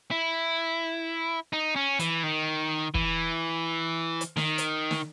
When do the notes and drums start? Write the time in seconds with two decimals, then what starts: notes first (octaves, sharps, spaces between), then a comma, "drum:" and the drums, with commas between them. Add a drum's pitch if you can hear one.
0.11 E4
1.53 D#4
1.76 C#4
1.99 E3, drum: hi-hat
2.23 D#3
2.95 E3, drum: kick
4.21 drum: hi-hat
4.37 D#3, drum: snare
4.58 drum: hi-hat
4.91 drum: snare